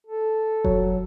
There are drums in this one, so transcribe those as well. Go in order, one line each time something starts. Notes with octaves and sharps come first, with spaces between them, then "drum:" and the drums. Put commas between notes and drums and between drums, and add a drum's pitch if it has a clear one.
A4
F#3, drum: kick F1